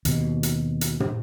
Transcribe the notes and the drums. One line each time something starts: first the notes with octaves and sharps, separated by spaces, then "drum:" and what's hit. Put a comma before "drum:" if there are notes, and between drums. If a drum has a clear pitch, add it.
D#2 B2, drum: hi-hat
drum: hi-hat
drum: hi-hat
drum: tom